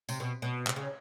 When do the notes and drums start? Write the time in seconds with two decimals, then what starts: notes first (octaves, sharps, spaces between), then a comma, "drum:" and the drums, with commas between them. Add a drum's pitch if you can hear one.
0.09 C3, drum: tambourine
0.20 B2
0.42 B2
0.67 C3, drum: clap
0.76 C#3